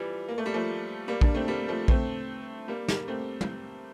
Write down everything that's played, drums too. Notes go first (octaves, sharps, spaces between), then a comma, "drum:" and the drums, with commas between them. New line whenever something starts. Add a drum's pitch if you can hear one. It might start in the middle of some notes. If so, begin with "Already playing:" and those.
Already playing: E3 F3 G3
A#3
A3
G3
F3 A3
G3 A#3
A#3 D4, drum: kick
A3 C4
G3 A#3
F3 A3
A3 C4, drum: kick
G3 A#3
G3 A#3, drum: snare
A3 C4
drum: tom